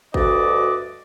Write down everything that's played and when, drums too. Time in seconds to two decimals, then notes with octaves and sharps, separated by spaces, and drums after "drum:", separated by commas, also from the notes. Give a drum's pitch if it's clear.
0.14 D2 G2 F#4 D5 D#5 D6, drum: kick